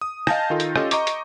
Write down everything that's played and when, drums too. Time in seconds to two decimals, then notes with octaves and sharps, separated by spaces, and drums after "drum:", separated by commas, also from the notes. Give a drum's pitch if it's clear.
0.01 D#6
0.27 D#5 F5 G#5 A5 G6 A#6, drum: rim click
0.50 D#3 D#4 F4 A4
0.60 drum: hi-hat
0.76 C#4 F4 G4 A4 D#5, drum: rim click
0.91 D#5 A#5 C#6 D6, drum: hi-hat
1.07 drum: hi-hat